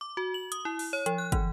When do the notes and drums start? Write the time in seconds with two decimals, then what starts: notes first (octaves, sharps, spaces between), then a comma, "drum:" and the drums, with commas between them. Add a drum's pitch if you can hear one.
0.01 D6
0.17 F#4
0.34 F#7
0.52 D#6, drum: hi-hat
0.65 E4
0.79 drum: open hi-hat
0.93 C#5
1.06 F3, drum: hi-hat
1.18 F#6
1.32 E3, drum: kick, hi-hat